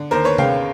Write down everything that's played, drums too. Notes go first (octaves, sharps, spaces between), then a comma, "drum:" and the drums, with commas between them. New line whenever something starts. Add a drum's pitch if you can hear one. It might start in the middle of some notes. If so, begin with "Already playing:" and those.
Already playing: D3
D#2 A#4 C5
B4 C#5
C#3 F5 G5, drum: tom C3